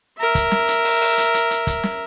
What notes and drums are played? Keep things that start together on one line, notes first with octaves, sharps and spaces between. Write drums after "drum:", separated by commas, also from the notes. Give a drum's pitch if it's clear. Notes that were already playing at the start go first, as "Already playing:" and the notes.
A#4 E5
drum: kick, hi-hat
drum: snare
drum: hi-hat
drum: open hi-hat
drum: open hi-hat
drum: hi-hat
drum: hi-hat
drum: hi-hat
drum: kick, hi-hat
drum: snare